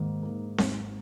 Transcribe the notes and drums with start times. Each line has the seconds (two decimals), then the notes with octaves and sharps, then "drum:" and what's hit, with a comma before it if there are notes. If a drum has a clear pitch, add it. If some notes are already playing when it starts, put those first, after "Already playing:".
Already playing: G#2 D#3 A#3
0.23 A#3
0.58 G#1, drum: snare C4